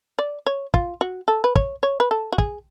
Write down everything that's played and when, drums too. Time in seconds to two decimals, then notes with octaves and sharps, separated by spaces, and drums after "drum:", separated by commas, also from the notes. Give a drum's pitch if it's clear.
0.19 D5
0.46 C#5
0.74 F4, drum: kick
1.01 F#4
1.28 A4
1.44 B4
1.55 C#5, drum: kick
1.83 C#5
2.00 B4
2.11 A4
2.32 F#4
2.38 G#4, drum: kick